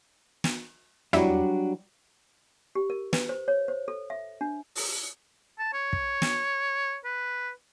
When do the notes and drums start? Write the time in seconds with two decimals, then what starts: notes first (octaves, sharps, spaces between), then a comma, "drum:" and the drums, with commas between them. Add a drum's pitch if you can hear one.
0.44 drum: snare
1.13 F#3 G3 D4 E4 F#4, drum: tom
2.75 G4
2.90 A#4
3.13 B4, drum: snare
3.29 C5
3.48 C#5
3.68 C5
3.88 A4
4.10 E5
4.41 D4
4.76 drum: open hi-hat
5.59 A5
5.74 C#5
5.93 drum: kick
6.22 drum: snare
7.05 B4